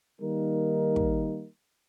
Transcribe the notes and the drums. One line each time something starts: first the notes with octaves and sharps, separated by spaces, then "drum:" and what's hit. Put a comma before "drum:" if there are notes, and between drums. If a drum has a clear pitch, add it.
D#3 G3 A#3 D#4 A#4
drum: kick